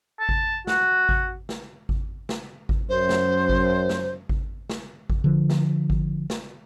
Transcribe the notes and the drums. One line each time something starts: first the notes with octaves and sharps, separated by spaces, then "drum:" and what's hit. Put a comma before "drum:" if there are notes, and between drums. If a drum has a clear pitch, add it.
A5
drum: kick G#1
F#4, drum: snare
drum: kick G#1
drum: snare
drum: kick G#1
drum: snare
drum: kick G#1
F#2 C5
drum: snare
drum: kick G#1
drum: snare
drum: kick G#1
drum: snare
drum: kick G#1
D3 F3
drum: snare
drum: kick G#1
drum: snare